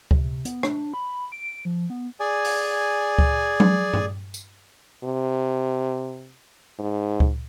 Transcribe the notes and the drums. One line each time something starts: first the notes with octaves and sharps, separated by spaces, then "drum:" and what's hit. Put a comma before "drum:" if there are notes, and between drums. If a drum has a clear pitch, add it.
C3, drum: kick C#2
C3
B3, drum: hi-hat
D4, drum: rim click
B5
D7
F3
B3
G#4 D5 G#5
drum: open hi-hat
drum: kick C#2
drum: tom F#3
drum: tom G2
drum: tambourine
C3
G#2
drum: kick C#2